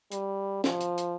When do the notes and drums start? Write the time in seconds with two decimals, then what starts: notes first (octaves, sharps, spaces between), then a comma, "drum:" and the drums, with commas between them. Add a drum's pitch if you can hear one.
0.12 G3, drum: hi-hat
0.64 F3, drum: snare
0.81 drum: hi-hat
0.98 drum: hi-hat